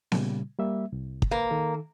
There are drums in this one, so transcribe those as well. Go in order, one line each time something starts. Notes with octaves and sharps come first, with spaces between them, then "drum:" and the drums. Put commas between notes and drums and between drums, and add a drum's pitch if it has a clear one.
A#2 C#3 G3, drum: snare B3
G3 A#3 E5
C2
drum: kick
A#3 B4
D#3 A4